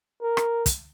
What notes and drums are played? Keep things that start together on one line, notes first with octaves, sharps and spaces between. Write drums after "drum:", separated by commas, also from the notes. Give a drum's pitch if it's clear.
A#4
drum: rim click
drum: kick, hi-hat